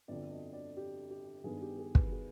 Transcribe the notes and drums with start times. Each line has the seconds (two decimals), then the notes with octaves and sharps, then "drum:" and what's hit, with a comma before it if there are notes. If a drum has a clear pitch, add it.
0.08 G1 F2 D3 D5
0.31 D#5
0.53 D5
0.77 G4
1.10 G4
1.44 G2 D#3 B3 G#4
1.62 G4
1.78 G#4
1.95 B4, drum: kick
2.07 B4
2.12 G#4